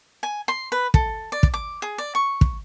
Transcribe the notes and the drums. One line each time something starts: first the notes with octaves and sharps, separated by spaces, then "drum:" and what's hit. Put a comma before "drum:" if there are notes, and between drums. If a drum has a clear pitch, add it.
G#5
C6
B4
A4, drum: kick
D5
drum: kick
D6
G#4
D5
C#6
drum: kick